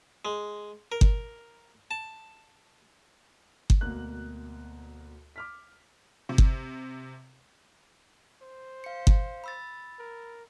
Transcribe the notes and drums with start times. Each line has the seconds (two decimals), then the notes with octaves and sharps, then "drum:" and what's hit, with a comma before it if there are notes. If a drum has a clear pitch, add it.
0.25 G#3
0.92 A#4
1.01 drum: kick G1
1.91 A5
3.70 drum: kick G1
3.81 D2 B2 A#3 F#6
5.36 D6 F6 B6
6.29 C3
6.38 drum: kick G1
8.43 C5
8.84 F5 C#7
9.07 drum: kick G1
9.44 B5 E6 A6
9.99 A#4